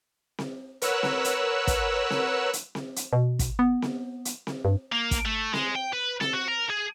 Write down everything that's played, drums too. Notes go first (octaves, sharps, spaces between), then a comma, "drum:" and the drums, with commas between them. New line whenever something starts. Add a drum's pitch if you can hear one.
drum: snare C4
A#4 B4 C#5 F#5 E6 F#6, drum: hi-hat
drum: snare C4
drum: hi-hat
drum: kick, hi-hat
drum: snare C4
drum: hi-hat
drum: snare C4
drum: hi-hat
B2
drum: kick, hi-hat
B3
drum: snare C4
drum: hi-hat
drum: snare C4
G2
A#3
drum: kick, hi-hat
A3
G#3, drum: snare C4
G5
B4
A4, drum: snare C4
F#4
A#4
G#4